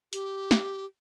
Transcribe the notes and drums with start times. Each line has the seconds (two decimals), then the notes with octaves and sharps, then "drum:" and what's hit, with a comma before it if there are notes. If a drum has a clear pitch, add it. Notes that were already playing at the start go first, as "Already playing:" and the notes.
0.13 G4, drum: hi-hat
0.51 drum: snare